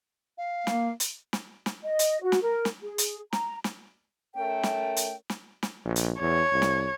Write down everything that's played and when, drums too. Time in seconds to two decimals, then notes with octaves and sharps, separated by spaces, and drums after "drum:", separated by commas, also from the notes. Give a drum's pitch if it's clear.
0.38 F5
0.67 A#3, drum: snare
1.00 drum: hi-hat
1.33 drum: snare
1.66 drum: snare
1.84 D#5
1.99 drum: hi-hat
2.22 F#4
2.32 drum: snare
2.42 A#4
2.65 drum: snare
2.82 G#4
2.98 drum: hi-hat
3.33 A#5, drum: snare
3.64 drum: snare
4.35 A3 C#4 A#4 G5
4.63 drum: snare
4.96 drum: hi-hat
5.30 drum: snare
5.63 drum: snare
5.85 A#1
5.96 drum: hi-hat
6.21 E2 C#5
6.53 C2
6.62 drum: snare